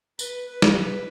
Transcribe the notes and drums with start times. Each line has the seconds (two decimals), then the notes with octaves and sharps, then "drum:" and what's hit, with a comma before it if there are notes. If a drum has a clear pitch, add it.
0.19 B4, drum: tambourine
0.48 B4
0.62 drum: snare
0.77 B4